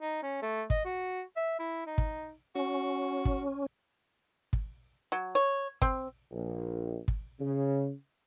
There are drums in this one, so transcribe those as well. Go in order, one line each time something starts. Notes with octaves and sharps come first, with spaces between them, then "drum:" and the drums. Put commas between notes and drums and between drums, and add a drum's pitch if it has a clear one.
D#4
C#4
A3
D#5, drum: kick
F#4
E5
E4
D#4
drum: kick
C#4 F#4
drum: kick
drum: kick
F#3
C#5
C4, drum: kick
A#1
drum: kick
C#3